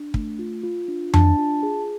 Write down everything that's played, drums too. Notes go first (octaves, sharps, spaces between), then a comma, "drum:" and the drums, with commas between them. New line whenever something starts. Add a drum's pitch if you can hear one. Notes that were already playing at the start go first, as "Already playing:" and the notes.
Already playing: D4
A3, drum: kick
F4
F4
D4
D4 A5, drum: tom F2
F4
G#4